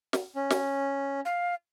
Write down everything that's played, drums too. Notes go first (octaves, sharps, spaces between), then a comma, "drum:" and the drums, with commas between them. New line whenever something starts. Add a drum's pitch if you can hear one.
drum: snare
C#4
drum: snare
F5